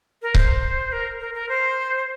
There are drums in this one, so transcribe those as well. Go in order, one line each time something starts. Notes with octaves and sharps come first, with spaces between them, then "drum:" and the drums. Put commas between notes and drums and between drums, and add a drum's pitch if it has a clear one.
A#4
C5, drum: kick C#1
A#4
A#4
A#4
C5